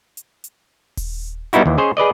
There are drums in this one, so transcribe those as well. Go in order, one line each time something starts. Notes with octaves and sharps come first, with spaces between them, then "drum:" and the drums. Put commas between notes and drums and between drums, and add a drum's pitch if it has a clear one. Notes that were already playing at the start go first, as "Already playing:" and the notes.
drum: hi-hat
drum: hi-hat
drum: kick D#1, open hi-hat
G3 B3 D#4 E4 F#4, drum: hi-hat
D#2 E3
C#4 G#4 C5 C#5 D#5
G#4 B4 D5 D#5